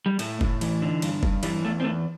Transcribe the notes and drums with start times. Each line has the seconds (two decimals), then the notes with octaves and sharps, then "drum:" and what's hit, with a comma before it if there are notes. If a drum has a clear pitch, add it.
0.06 G3
0.19 A2 A3, drum: cymbal
0.41 A2, drum: kick
0.61 E3, drum: cymbal
0.82 D3
1.02 G2, drum: cymbal
1.23 G2, drum: kick
1.43 E3 G3, drum: cymbal
1.64 E2 A3
1.80 C4
1.84 E2 A3